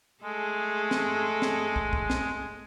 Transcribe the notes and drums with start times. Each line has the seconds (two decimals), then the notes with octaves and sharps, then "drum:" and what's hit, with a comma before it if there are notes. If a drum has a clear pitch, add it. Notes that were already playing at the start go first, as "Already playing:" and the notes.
0.23 G#3 A3 G#4 A4
0.91 drum: snare
1.42 drum: snare
1.76 drum: kick
1.93 drum: kick
2.10 drum: snare